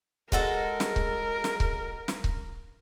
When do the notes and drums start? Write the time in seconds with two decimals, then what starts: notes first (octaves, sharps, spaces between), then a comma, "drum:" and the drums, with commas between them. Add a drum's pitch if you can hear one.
0.32 G#3 F#4 A4 A#4, drum: kick C#1
0.80 drum: snare
0.96 drum: kick C#1
1.44 drum: snare
1.60 drum: kick C#1
2.08 drum: snare
2.24 drum: kick C#1